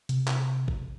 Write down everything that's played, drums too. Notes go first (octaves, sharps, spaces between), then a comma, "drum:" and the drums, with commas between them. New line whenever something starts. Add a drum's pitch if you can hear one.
C3, drum: hi-hat
drum: clap
drum: kick A1